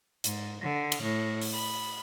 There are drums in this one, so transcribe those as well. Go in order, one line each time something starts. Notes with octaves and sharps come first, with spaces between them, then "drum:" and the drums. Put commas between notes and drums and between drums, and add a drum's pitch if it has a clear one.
G#2, drum: hi-hat
D3
drum: cymbal
A2
drum: open hi-hat
B5